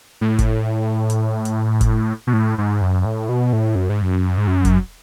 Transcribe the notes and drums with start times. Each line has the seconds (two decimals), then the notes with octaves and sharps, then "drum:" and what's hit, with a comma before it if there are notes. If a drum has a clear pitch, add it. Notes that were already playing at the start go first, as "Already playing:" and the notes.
0.21 A2
0.39 drum: kick F#1, hi-hat
1.10 drum: hi-hat
1.45 drum: hi-hat
1.81 drum: kick F#1, hi-hat
2.27 B2
2.33 A2
2.58 G#2
2.81 F#2
3.05 A2
3.29 B2
3.53 A2
3.75 F#2
3.89 G#2
4.02 F#2
4.37 G#2
4.47 F#2
4.65 drum: kick F#1, hi-hat